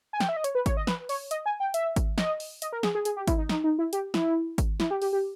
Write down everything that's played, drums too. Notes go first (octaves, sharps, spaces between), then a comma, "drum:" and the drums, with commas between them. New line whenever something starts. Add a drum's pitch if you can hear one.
G#5
G5, drum: snare
E5
D#5
C#5, drum: hi-hat
B4
C#5, drum: kick G#1, hi-hat
D#5
B4, drum: snare
C#5, drum: open hi-hat
D#5, drum: hi-hat
G#5
G5
E5, drum: hi-hat
drum: kick G#1, hi-hat
D#5, drum: snare
drum: open hi-hat
D#5, drum: hi-hat
A#4
G#4, drum: snare
G#4
G#4, drum: hi-hat
G4
E4, drum: kick G#1, hi-hat
D#4
D#4, drum: snare
D#4
E4
G4, drum: hi-hat
E4, drum: snare
drum: kick G#1, hi-hat
E4, drum: snare
G4
G4, drum: open hi-hat
G4